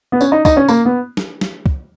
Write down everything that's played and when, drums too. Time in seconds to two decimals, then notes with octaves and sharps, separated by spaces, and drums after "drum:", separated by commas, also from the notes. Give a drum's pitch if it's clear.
0.12 B3
0.21 C#4, drum: tambourine
0.32 D#4
0.45 D#4, drum: kick, tambourine
0.57 C#4
0.69 A#3, drum: tambourine
0.85 B3
1.17 drum: snare
1.41 drum: snare
1.66 drum: kick